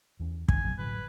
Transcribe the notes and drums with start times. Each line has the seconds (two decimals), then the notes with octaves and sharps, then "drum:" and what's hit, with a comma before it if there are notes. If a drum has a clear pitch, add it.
0.20 E2 E3 C#4
0.48 G1 D#3 G#5, drum: kick
0.63 B2 F3 F#3
0.78 A2 D3 F#3 B4